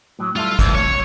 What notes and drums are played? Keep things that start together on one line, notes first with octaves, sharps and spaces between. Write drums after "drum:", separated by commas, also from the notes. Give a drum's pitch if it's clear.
A2 F#3
G3 E4 F4 A4
C2 E3 A3, drum: kick, hi-hat
F2 C#5